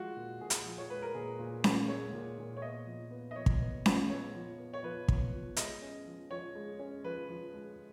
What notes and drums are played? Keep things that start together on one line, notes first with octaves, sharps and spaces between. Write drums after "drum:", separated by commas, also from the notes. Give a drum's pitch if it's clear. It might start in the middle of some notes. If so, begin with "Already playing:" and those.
Already playing: F3 G#3 F4 F#4
A#2
A#2 G#4
drum: hi-hat
F3
C#5
G#3 B4
A#4
A#2 G#4
A#2
F3, drum: snare C#4
G#3 C#5
A#2
A#2
C#5
B3 D#5
F3
B3
D#5
F3 C#5
drum: kick
B3
F3, drum: snare C#4
B3 C#5
F3
B3
C#5
F3 B4
B3, drum: kick
F3
G#3 D#5, drum: hi-hat
C#4
F3
F3 C#5
G#3
C#4
F3 B4
F3
G#3